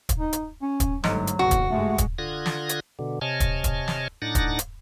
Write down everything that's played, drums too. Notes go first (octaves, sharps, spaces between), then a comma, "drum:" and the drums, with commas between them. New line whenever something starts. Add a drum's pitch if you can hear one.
drum: kick, hi-hat
D#4
drum: hi-hat
C#4
drum: kick, hi-hat
G1 G#2 F#3 A3, drum: snare
drum: hi-hat
F#1 B1 E2 F#4
drum: kick, hi-hat
G2 G#3 A3
drum: kick, hi-hat
D3 F4 D#6 F#6 G#6 A#6
drum: snare
drum: hi-hat
B2 D3
C3 C#5 D#5 G#5 A5 F6
drum: kick, hi-hat
drum: kick, hi-hat
drum: snare
A2 D4 D#4 F#5 A6 A#6
drum: kick, hi-hat
drum: hi-hat